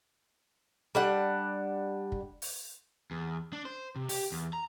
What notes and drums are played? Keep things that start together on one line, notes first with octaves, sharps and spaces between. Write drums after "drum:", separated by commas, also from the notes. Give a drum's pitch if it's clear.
G3 D4 F#5
drum: kick
drum: open hi-hat
E2
D4
C5
C3
G4, drum: open hi-hat
E2
A#5